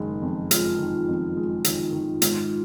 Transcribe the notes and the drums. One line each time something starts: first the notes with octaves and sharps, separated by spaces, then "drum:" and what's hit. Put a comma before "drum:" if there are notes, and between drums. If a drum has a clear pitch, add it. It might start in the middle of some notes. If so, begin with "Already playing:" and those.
Already playing: F#1 D#3 G#3 G#4
F2
G#3 F4, drum: hi-hat
D#3
F2
G#3
D#3, drum: hi-hat
D#3
G#2 F4, drum: hi-hat